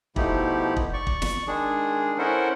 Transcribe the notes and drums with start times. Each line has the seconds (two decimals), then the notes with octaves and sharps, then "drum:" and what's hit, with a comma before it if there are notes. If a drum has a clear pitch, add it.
0.16 B2 F3 A3 D#4 E4 G4, drum: kick
0.77 drum: kick
0.93 D5 C#6
1.07 drum: kick
1.22 drum: snare
1.48 D#3 G#3 D4 G#4
2.18 C#4 E4 A4 A#4 C5 F#5